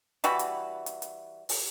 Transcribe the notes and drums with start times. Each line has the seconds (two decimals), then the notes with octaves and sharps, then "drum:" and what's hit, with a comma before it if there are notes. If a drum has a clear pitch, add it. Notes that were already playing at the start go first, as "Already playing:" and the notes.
0.24 E3 G3 F#4 B5, drum: hi-hat
0.39 drum: hi-hat
0.86 drum: hi-hat
1.02 drum: hi-hat
1.49 drum: open hi-hat